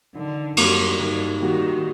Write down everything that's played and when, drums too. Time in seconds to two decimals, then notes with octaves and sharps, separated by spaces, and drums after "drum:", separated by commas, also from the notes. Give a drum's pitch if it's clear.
0.15 D3 D#3
0.57 F#2 G3 A#3 F#4, drum: cymbal
0.99 G2 D#3
1.41 D#3 G3 A#3 F#4